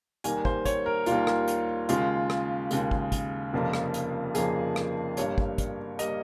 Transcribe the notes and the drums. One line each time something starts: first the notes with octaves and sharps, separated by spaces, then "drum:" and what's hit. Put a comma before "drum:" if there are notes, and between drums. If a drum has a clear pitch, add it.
D#2 D#3 G3 A#3 G#5, drum: hi-hat
C5, drum: kick
C#5, drum: kick, hi-hat
A#4
D#2 D#3 G3 A#3 F4, drum: hi-hat
drum: rim click
drum: hi-hat
D#2 C#3 G#3 F4, drum: hi-hat
drum: rim click
D#2 C#3 G#3, drum: hi-hat
drum: kick
drum: kick, hi-hat
F1 F2 C#3 F3 A#3
drum: rim click
drum: hi-hat
F1 F2 C#3 F3 A#3 G#4, drum: hi-hat
drum: rim click
G1 G2 G3 A#3 C#5, drum: hi-hat
drum: kick
drum: kick, hi-hat
G3 A#3 D#5, drum: hi-hat